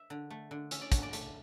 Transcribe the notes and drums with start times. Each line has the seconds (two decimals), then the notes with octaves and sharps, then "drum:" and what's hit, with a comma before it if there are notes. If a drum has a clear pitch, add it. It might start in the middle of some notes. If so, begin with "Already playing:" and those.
Already playing: E5
0.10 D3
0.30 A3
0.51 D3
0.71 C#4 E5, drum: hi-hat
0.81 D5
0.92 D3 C#5, drum: kick, hi-hat
1.03 D5
1.13 A3, drum: hi-hat